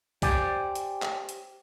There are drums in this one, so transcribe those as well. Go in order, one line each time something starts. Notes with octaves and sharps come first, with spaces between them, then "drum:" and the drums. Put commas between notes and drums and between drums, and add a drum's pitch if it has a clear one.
G4 C5 D5 G5 G#5, drum: kick B1, open hi-hat
drum: hi-hat
drum: clap
drum: hi-hat